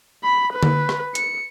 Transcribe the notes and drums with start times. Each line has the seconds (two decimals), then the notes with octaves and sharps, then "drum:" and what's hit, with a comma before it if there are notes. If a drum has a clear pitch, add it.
0.24 B5
0.53 B4
0.63 drum: tom D3
0.89 drum: rim click
1.15 C#7, drum: hi-hat